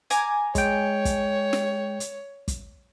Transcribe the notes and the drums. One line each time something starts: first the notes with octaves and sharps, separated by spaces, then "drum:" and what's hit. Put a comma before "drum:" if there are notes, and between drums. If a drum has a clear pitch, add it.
G#5 A#5 D6, drum: hi-hat
G#3 C#5 G5, drum: kick, hi-hat
drum: kick, hi-hat
drum: snare
drum: hi-hat
drum: kick, hi-hat